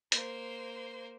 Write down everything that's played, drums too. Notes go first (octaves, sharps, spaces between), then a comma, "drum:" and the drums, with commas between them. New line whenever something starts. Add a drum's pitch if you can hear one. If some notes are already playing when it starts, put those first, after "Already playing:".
A#3 C5, drum: hi-hat